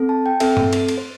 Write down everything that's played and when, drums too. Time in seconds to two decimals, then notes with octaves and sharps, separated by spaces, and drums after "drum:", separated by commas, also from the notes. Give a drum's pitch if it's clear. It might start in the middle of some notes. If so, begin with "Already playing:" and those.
Already playing: C4 A4
0.09 A5
0.26 G5
0.40 C4 A4 E5, drum: cymbal
0.57 drum: tom G2
0.73 drum: cymbal
0.88 drum: cymbal
0.98 C5